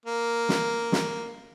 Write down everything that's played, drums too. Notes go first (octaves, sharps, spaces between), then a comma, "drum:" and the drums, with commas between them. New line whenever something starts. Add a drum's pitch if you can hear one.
A#3
drum: snare
drum: snare